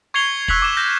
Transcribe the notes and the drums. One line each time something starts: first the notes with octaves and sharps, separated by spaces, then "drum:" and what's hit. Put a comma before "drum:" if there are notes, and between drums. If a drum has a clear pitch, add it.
C#6 G#6 C7 C#7 F7 G7
C#6 E6 F#6 B6 F7 F#7, drum: kick
D6 E7
F6 G6 A#6